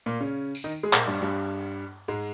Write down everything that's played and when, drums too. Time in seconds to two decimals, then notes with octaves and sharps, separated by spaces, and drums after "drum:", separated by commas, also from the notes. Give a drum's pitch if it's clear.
0.06 A#2 A#3
0.21 C#3 C#4
0.55 drum: tambourine
0.64 D#3 D#4
0.83 G#3 G#4
0.93 A#2 A#3, drum: clap
1.07 G2 G3
1.22 G2 G3
2.08 G#2 G#3